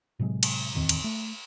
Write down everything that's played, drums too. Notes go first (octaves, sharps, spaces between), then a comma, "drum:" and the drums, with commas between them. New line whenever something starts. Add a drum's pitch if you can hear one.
A2 C3 F#3 G#3
drum: cymbal
D1 E2 D#3 C4
drum: cymbal
A3